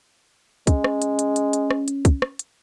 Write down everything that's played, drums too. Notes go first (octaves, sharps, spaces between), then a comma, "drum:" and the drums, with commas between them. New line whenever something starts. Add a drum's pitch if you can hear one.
G#3 C#4, drum: kick, hi-hat
drum: rim click
drum: hi-hat
drum: hi-hat
drum: hi-hat
drum: hi-hat
drum: rim click
drum: hi-hat
drum: kick, hi-hat
drum: rim click
drum: hi-hat